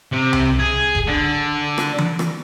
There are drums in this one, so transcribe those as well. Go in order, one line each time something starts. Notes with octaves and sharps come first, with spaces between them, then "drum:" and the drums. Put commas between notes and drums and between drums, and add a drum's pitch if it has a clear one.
C3
drum: tom C2
G#4
drum: kick
D3
drum: rim click
drum: tom E3
drum: rim click